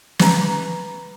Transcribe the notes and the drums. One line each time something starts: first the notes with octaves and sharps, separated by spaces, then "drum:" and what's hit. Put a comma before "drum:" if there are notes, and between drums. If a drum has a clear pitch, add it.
B4 A#5, drum: snare